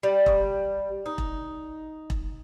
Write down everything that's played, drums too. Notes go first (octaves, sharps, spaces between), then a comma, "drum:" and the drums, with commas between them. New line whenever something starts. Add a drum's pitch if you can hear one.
G3
drum: kick E1
D#4
drum: kick E1
drum: kick E1